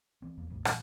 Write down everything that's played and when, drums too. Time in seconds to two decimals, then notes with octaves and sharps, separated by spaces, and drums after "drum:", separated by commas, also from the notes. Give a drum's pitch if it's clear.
0.22 E3 C4
0.37 F1 E2 F3 A#3
0.50 A#1 F2 A2 C3
0.65 A#2 E3 F3, drum: rim click